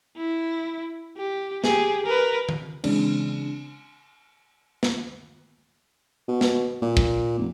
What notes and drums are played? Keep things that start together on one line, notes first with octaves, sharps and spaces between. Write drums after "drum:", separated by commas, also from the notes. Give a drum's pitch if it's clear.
E4
G4
G4 G#4, drum: snare
A#4 B4
drum: tom D#3
C#3 E3 F#3 G#3 C4 D4, drum: cymbal
drum: snare
B2
drum: snare
A#2
drum: kick
F1